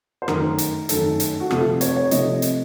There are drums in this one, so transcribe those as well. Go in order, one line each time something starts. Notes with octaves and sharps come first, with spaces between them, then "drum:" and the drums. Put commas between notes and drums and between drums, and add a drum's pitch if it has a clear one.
C5
F#2 D#3 A3 A#4, drum: rim click
drum: hi-hat
F#2 D#3 A3 A4, drum: hi-hat
drum: hi-hat
F#4
C3 F3 A3 A4, drum: rim click
C#5, drum: hi-hat
C#5
C3 F3 A3 D#5, drum: hi-hat
drum: hi-hat